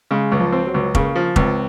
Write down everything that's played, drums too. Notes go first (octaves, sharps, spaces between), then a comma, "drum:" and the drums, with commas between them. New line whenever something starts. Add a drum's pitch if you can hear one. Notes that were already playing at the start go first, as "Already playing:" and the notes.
C#3 G#3
C#2
F3
C4
F#3
C#2
C#3 A#3, drum: kick F1
F3
C#2 C4, drum: kick F1